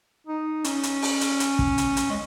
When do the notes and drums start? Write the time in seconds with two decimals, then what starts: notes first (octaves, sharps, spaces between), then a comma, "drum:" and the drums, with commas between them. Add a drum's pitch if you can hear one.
0.27 D#4
0.64 C#4, drum: hi-hat
0.83 drum: hi-hat
1.02 drum: open hi-hat
1.21 drum: hi-hat
1.40 drum: hi-hat
1.59 drum: kick
1.78 drum: hi-hat
1.97 drum: hi-hat
2.10 G#3